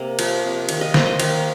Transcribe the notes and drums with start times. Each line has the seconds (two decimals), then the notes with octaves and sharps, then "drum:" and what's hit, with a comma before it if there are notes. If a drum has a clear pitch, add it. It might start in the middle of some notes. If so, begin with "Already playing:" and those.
Already playing: C3 A#3
0.19 F3, drum: cymbal
0.43 C3
0.69 D#3 F5, drum: cymbal
0.81 D#5
0.94 A#3 C5, drum: snare
1.06 D#5
1.20 D#3 F5, drum: cymbal